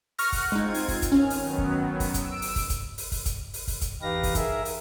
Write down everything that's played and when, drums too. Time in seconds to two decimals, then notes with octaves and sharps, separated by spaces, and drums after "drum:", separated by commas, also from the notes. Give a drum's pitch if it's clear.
0.19 F#5 C#6 F6 A#6, drum: open hi-hat
0.32 drum: kick, open hi-hat
0.52 G#3 C4 D#4 F4 G#6
0.74 drum: open hi-hat
0.88 drum: kick, open hi-hat
1.02 drum: kick, hi-hat
1.12 D#3 C#4 F6
1.30 drum: open hi-hat
1.41 D#3 F#3 B3
1.58 drum: kick
2.00 drum: kick, open hi-hat
2.14 E6 D7, drum: kick, hi-hat
2.42 drum: open hi-hat
2.56 drum: kick, open hi-hat
2.70 drum: kick, hi-hat
2.98 drum: open hi-hat
3.12 drum: kick, open hi-hat
3.26 drum: kick, hi-hat
3.54 drum: open hi-hat
3.67 drum: kick, open hi-hat
3.81 drum: kick, hi-hat
4.02 E2 D#4 G4 B4 F5 A#6
4.23 drum: kick, open hi-hat
4.35 G#4 A#4 E5, drum: kick, hi-hat
4.65 drum: open hi-hat